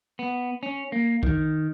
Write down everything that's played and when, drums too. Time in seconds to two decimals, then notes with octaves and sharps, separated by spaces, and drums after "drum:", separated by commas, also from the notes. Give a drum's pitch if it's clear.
0.19 B3
0.63 C#4
0.92 A#3
1.23 D#3, drum: kick A#1